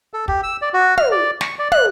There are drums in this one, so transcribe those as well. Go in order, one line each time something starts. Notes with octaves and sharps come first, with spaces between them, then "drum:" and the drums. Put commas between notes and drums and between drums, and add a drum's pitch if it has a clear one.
A4
G4, drum: kick
E6
D5
F#4
F6, drum: tom
D5
C#6, drum: snare
D5
F#6, drum: tom